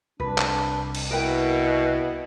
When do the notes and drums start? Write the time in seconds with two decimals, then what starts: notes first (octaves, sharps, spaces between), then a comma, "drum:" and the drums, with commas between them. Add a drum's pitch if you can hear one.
0.20 C2 D4 B4
0.38 drum: clap
0.95 drum: cymbal
1.11 B2 E4 A#4 B4 G5